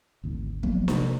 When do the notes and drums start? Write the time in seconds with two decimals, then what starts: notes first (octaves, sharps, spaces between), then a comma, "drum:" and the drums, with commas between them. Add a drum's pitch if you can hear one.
0.24 G#1 D2
0.63 F3 F#3 A#3 B3, drum: kick
0.88 C3, drum: snare D4